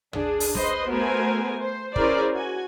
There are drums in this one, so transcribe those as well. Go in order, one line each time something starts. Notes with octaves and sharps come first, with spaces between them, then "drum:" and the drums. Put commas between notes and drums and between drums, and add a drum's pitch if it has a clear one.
D4 G#4, drum: tom
drum: open hi-hat
B4 C5 D#5 C6, drum: snare
A3 B3 F#4 A#4 C5 G#5
C5
C#4 E4 G#4 A#4 C5 D5, drum: kick
F#4 G#5